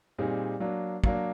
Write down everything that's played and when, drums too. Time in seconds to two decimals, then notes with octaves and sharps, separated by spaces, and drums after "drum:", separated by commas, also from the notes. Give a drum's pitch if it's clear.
0.18 A#2 G3 C4 D#4 G#4
0.60 F#3 A#3 D4
1.04 F#3 A#3 D4, drum: kick